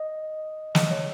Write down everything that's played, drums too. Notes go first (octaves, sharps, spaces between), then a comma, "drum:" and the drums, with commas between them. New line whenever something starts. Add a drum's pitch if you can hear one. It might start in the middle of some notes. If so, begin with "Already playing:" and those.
Already playing: D#5
D#5, drum: snare
C#5